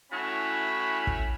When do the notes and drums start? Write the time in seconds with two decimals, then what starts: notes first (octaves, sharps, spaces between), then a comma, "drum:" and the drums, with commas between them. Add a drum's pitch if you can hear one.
0.11 A2 C#4 E4 F#4 C#5 B5
1.07 drum: kick